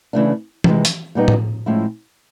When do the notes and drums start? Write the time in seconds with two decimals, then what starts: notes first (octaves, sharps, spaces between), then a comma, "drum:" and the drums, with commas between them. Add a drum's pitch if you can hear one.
0.13 C#3 E3 A3 D4
0.64 C3 E3 G#3, drum: tom E3
0.85 drum: hi-hat
1.15 A#2 G3 B3 D#4
1.28 drum: tom A2
1.66 A2 F3 G#3 C#4 E4